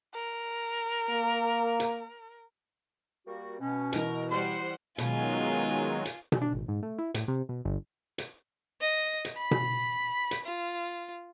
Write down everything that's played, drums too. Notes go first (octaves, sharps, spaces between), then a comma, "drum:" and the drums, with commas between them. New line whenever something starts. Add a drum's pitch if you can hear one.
A#4
A#3
drum: hi-hat
G3 A#3 F#4
B2 C#4
E3 A#4 D#5, drum: hi-hat
G3 C5 F#5 C6
B2 D#3 F#3 G#3 C#4 F4 G#5, drum: hi-hat
drum: hi-hat
drum: tom B2
D4
G#1
G#2
A3
E4
A2, drum: hi-hat
C3
B2
G1
drum: hi-hat
D#5
drum: hi-hat
B5
drum: tom B2
drum: hi-hat
F4